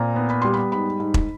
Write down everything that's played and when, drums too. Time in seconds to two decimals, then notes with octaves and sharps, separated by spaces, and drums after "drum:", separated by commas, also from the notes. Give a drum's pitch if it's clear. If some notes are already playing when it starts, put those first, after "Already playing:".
Already playing: A#2 C4 A#5
0.16 B3
0.30 B5
0.42 G3 C6
0.54 B5
0.72 G#2 B5
1.00 G#2
1.14 drum: kick E1